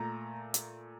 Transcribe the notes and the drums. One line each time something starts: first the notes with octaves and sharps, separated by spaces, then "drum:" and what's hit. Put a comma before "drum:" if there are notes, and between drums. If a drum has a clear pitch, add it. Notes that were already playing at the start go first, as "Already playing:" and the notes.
Already playing: A#2 A3 A#5
drum: hi-hat